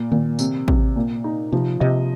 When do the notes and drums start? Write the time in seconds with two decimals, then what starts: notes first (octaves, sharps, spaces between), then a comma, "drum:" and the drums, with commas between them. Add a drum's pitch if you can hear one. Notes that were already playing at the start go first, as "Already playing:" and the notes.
Already playing: A#2
0.11 A#2 D#3
0.39 C3, drum: tambourine
0.68 C3, drum: kick
0.96 A#2
1.24 D#4
1.52 C3 F3
1.80 C3 D#5